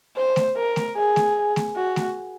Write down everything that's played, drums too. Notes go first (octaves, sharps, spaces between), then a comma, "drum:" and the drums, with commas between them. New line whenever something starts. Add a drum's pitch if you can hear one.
C5
drum: snare A3
A#4
drum: snare A3
G#4
drum: snare A3
drum: snare A3
F#4
drum: snare A3